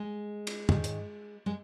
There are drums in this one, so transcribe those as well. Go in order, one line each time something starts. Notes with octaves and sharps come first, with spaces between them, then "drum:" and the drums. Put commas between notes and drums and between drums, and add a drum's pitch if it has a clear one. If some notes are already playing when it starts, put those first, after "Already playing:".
Already playing: G#3
drum: cymbal
G#2 D#3, drum: tom
drum: hi-hat
G#3